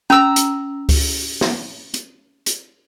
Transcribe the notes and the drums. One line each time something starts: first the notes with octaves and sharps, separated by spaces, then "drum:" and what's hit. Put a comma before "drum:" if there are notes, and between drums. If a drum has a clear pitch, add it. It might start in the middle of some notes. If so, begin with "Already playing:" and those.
C#4 A#5 E6
drum: hi-hat
drum: kick C#2, open hi-hat
drum: snare
drum: hi-hat
drum: hi-hat